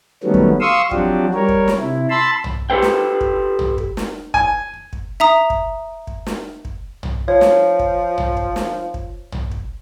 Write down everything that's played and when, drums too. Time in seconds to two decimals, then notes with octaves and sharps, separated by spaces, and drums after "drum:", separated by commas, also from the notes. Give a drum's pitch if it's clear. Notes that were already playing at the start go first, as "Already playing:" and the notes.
0.23 D#3 F#3 G3 A3 B3 C#4
0.34 drum: kick
0.61 F5 C6 C#6 D#6 E6
0.91 F3 F#3 C4 D4 F#4 G4, drum: kick
1.34 G3 A#4 C#5
1.49 drum: kick
1.68 drum: snare
1.79 C3 E4
2.10 A5 B5 C6 E6
2.44 drum: tom
2.70 G4 A4 B4 C5 G5
2.82 drum: snare
3.21 drum: kick
3.59 drum: tom
3.78 drum: kick
3.97 drum: snare
4.34 G#5, drum: kick
4.93 drum: kick
5.20 E5 A#5 D#6
5.50 drum: kick
6.07 drum: kick
6.26 drum: snare
6.65 drum: kick
7.03 drum: tom
7.28 F3 C#5
7.41 drum: snare
7.79 drum: kick
8.18 drum: tom
8.37 drum: kick
8.56 drum: snare
8.94 drum: kick
9.32 drum: tom
9.51 drum: kick